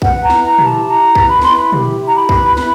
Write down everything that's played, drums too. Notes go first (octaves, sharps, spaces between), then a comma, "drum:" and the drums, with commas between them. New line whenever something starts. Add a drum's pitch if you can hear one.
B4 F#5, drum: kick C2
A#5
E4, drum: snare
A#5
G4, drum: tom
A5
E4 A#5
B4, drum: kick C2
B5
E4 C6, drum: snare
B5
G4, drum: tom
E4
A#5
B5
B4, drum: kick C2
E4 B5, drum: snare